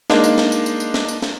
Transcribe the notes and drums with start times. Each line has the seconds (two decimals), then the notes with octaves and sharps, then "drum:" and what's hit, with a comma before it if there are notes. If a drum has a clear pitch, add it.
0.10 G#3 A#3 D4 D#4, drum: snare
0.24 drum: tambourine
0.38 drum: snare
0.52 drum: tambourine
0.66 drum: tambourine
0.80 drum: tambourine
0.94 drum: snare
1.08 drum: tambourine
1.22 drum: snare